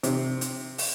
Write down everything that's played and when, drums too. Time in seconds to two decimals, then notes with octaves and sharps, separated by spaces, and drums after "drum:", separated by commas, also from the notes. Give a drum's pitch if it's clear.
0.03 C3, drum: hi-hat
0.41 drum: hi-hat
0.78 drum: open hi-hat